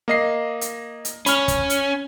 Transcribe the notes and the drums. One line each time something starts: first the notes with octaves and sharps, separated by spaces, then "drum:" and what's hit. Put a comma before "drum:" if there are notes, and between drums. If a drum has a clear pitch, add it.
A#3 D#5 C7
drum: hi-hat
drum: hi-hat
C#4 B5 F6, drum: hi-hat
drum: kick, hi-hat
drum: hi-hat